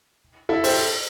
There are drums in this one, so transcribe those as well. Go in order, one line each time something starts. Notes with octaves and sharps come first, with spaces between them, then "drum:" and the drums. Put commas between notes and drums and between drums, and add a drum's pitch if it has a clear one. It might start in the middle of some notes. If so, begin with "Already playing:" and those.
E4 A4
G4 C5, drum: open hi-hat